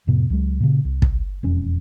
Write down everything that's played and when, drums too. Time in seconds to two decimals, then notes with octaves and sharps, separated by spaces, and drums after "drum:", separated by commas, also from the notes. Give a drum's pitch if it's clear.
0.07 F2 A2 C3 B3
0.30 C#2 F#3 G#3
0.60 A#2 C#3
0.85 C2
1.02 drum: kick
1.43 E1 F2 C#4